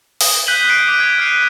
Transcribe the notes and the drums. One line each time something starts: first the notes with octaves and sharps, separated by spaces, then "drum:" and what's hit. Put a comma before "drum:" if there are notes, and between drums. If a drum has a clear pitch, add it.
D#6, drum: open hi-hat
F#6 G6 B6 D#7 F#7 G7
F#6 G6 C7 D7
D6 B6
G6 G#6
F6 F#6 C7 D#7